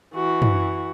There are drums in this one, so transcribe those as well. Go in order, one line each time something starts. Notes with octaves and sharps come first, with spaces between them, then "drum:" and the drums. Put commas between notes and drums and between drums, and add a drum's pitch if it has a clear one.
E3 F#4
drum: tom